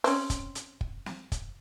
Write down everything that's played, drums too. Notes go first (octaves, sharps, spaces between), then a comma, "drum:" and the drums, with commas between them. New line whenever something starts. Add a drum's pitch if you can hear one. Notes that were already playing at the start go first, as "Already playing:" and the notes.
C4 C#4, drum: open hi-hat
drum: kick, hi-hat
drum: hi-hat
drum: kick
drum: snare
drum: kick, hi-hat